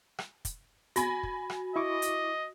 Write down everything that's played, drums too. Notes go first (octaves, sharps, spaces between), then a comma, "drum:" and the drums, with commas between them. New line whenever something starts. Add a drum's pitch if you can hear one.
drum: rim click
drum: kick, hi-hat
F#4 G#5 B5 A#6, drum: hi-hat
drum: kick
drum: rim click
E4 D#5 C#6 D6
drum: hi-hat